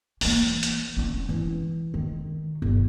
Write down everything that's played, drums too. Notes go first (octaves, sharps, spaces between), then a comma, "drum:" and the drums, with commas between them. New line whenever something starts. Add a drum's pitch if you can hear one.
E3 A#3, drum: open hi-hat
drum: hi-hat
C4 C#4
E3
D#3
G1